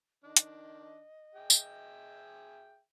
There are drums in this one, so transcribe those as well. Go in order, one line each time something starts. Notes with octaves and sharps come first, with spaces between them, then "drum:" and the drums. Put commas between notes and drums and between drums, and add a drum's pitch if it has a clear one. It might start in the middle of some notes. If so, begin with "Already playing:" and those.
D#3 D4 D#5
drum: hi-hat
G#4 E5 G5
drum: tambourine